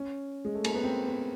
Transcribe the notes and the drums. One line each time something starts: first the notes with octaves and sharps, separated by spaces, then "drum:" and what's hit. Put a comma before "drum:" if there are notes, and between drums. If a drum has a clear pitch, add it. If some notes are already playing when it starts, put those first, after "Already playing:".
Already playing: C#4
G#3
A3
A#3, drum: cymbal
B3
C4
B3